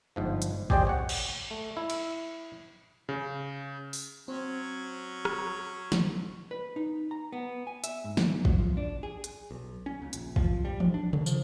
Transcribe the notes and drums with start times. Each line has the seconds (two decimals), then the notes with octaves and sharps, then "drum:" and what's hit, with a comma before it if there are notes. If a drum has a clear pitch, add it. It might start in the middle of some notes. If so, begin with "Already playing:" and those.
0.16 G1 G#2 F3
0.42 drum: hi-hat
0.70 G4 G#4 C5 D5 D#5 G5, drum: kick
0.87 C#5 F#5
1.09 drum: cymbal
1.51 A3
1.77 E4
1.90 drum: cymbal
3.09 C#3
3.93 drum: open hi-hat
4.28 F#3 C4 C#4 C#5
5.25 drum: rim click
5.92 drum: snare
6.51 B4
6.76 D#4
7.11 A#5
7.32 B3
7.67 G#5
7.84 E5, drum: hi-hat
8.04 G#2
8.17 drum: snare
8.45 F#3, drum: kick
8.58 F3
8.77 D4
9.03 G#4
9.24 drum: hi-hat
9.51 B1
9.86 C#4
10.02 C#2
10.13 A#1, drum: hi-hat
10.36 F3, drum: kick
10.65 G3
10.80 B1, drum: tom E3
10.94 D4
11.13 D#3, drum: tom C3
11.26 F3, drum: tambourine